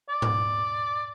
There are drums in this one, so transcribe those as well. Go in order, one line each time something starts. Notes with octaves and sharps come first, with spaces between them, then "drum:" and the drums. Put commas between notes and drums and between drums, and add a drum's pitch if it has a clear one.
D5
drum: tom G#2